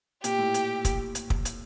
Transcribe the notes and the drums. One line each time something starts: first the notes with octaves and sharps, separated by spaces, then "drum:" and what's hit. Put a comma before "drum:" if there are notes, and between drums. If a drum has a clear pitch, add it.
A#2 G4, drum: hi-hat
A2
drum: hi-hat
drum: kick, hi-hat
drum: hi-hat
drum: kick
drum: hi-hat